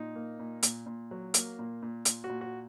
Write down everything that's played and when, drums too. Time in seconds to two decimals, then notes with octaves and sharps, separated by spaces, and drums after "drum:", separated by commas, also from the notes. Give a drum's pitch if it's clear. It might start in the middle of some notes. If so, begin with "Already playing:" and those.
Already playing: A#2 D#4
0.15 A#3
0.39 A#2
0.63 A#2, drum: hi-hat
0.86 A#2
1.11 F#3
1.34 A#3, drum: hi-hat
1.59 A#2
1.82 A#2
2.05 A#2, drum: hi-hat
2.24 F#4
2.29 A#2
2.41 F#4